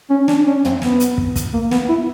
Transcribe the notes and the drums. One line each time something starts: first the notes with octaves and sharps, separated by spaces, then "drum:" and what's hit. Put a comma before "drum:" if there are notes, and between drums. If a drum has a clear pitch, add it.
C#4
D4, drum: snare
C#4
C4, drum: tom
B3, drum: snare
drum: hi-hat
drum: kick
drum: kick, hi-hat
A#3
B3, drum: snare
E4